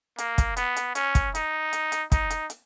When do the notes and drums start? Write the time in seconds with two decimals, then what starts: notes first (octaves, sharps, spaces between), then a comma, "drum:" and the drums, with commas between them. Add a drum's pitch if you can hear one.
0.18 A#3, drum: hi-hat
0.38 drum: kick, hi-hat
0.57 B3, drum: hi-hat
0.76 drum: hi-hat
0.95 C#4, drum: hi-hat
1.15 drum: kick, hi-hat
1.35 D#4, drum: hi-hat
1.73 drum: hi-hat
1.92 drum: hi-hat
2.12 D#4, drum: kick, hi-hat
2.30 drum: hi-hat
2.50 drum: hi-hat